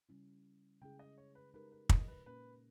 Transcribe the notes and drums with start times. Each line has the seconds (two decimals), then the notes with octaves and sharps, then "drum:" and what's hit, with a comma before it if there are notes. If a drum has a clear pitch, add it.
0.09 C#3 G3 C#4 E4
0.81 C#3 G#3 C#4 E4 G#4 G5
0.99 D#5
1.18 C#5
1.35 B4
1.54 G#3 D#4 G4 A#4 B4
1.72 B4
1.89 D#5, drum: kick
2.08 B4
2.26 A#2 A#3 C#4 B4